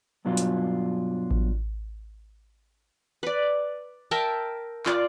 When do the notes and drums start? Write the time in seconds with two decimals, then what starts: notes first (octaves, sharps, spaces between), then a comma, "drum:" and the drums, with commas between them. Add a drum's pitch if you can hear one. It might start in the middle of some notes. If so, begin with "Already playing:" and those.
0.25 G2 B2 F#3 D4 F4
0.37 drum: hi-hat
1.31 drum: kick A1
3.23 B4 D5
4.11 A#4 E5 G5 A5
4.86 F4 D5, drum: clap